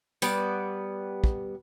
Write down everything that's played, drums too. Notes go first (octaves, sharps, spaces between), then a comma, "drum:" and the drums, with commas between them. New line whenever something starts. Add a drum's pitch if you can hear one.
G3 B3 D5, drum: tambourine
drum: kick